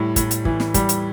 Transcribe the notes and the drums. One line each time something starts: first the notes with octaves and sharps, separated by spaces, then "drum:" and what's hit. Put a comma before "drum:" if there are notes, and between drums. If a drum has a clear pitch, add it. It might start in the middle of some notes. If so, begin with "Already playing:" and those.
Already playing: A2 G3
A2, drum: kick, hi-hat
drum: hi-hat
E3, drum: kick
drum: snare
G3, drum: kick, hi-hat
drum: hi-hat